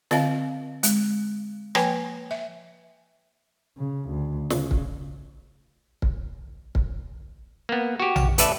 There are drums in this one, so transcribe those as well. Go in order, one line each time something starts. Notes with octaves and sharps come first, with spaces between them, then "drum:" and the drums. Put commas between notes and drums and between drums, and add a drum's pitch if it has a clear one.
D3 C4 D#5 F5 A5, drum: snare
G#3, drum: hi-hat
F3 A#3 B4 G5 G#5, drum: rim click
E5
C#3
D2
C#3, drum: snare
drum: kick
drum: kick
drum: kick
A#3 B3
F#4 G4
drum: tom A#1
A1 A4 B4 D5 E5 A5, drum: hi-hat